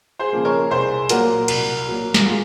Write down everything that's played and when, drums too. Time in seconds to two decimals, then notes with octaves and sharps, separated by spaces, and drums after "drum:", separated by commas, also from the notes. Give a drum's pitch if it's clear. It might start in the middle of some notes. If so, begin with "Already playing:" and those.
0.19 G#4 C5
0.33 C#3 F3 A#3
0.45 A#4 C#5
0.71 C2 G#4 C5
1.09 A#2 F#3 A#3 F#4 A#4, drum: hi-hat
1.48 C2, drum: cymbal
1.87 A#2 F#3 A#3
2.14 drum: snare
2.25 F4 G#4